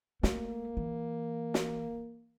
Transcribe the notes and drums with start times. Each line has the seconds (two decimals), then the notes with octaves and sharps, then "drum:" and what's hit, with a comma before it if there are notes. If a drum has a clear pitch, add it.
0.23 A3 A#3, drum: snare
0.77 E3
1.54 drum: snare